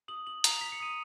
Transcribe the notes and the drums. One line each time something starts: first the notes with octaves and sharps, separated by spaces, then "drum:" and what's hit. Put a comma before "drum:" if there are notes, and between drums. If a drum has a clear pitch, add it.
D#6 F#7
F#7
A#5 F7, drum: hi-hat
B6
C#7
D#6 D#7